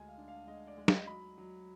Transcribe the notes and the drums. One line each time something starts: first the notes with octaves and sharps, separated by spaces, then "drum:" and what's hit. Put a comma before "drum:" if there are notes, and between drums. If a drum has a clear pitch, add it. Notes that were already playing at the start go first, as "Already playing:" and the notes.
Already playing: D2 G#3 G#5
F5
D4
F5
G#3 D#5
D5
G#3
D#5, drum: snare
F#3 B5
F#3